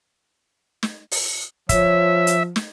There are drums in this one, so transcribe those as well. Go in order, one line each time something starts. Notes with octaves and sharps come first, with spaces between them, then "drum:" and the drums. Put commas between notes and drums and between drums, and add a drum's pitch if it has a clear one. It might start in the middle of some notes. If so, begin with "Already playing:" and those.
drum: snare
drum: open hi-hat
F3 C#5 E5, drum: kick, hi-hat
drum: hi-hat
drum: snare